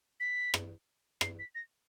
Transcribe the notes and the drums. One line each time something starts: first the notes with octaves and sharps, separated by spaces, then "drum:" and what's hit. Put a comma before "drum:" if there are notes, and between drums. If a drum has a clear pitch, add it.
B6
drum: rim click
C7, drum: rim click
B6
A#6